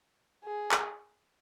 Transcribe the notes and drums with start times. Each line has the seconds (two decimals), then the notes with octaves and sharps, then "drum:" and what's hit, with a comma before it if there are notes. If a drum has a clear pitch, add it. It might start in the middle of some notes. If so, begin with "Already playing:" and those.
0.44 G#4
0.71 drum: clap